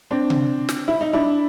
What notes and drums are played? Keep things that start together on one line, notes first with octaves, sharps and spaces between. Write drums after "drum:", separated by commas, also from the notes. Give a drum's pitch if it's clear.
C4 D4
drum: tom C3
drum: snare
E4
D#4
D4 E4